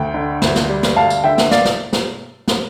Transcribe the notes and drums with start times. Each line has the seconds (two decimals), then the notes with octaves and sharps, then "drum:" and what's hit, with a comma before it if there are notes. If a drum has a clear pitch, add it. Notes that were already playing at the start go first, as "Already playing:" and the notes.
Already playing: D2 G5
0.14 D3
0.42 D2, drum: snare
0.56 drum: snare
0.69 G3
0.83 drum: snare
0.96 D2 F5 A5
1.10 drum: tambourine
1.24 D3 E5 G5
1.38 drum: snare
1.51 D5 F5, drum: snare
1.65 drum: snare
1.93 drum: snare
2.48 drum: snare